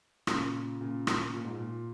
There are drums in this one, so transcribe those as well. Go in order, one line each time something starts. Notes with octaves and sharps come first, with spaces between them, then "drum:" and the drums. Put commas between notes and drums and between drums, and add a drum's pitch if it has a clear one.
A#2 C#3, drum: rim click
A#2 C#3
drum: rim click
A#2
G#2
A#2